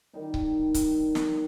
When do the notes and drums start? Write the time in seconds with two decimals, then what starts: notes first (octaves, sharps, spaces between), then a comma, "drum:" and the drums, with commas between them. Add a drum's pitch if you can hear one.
0.13 D#3 G3 D#4
0.34 drum: kick C#1
0.74 drum: kick C#1, hi-hat
1.15 drum: snare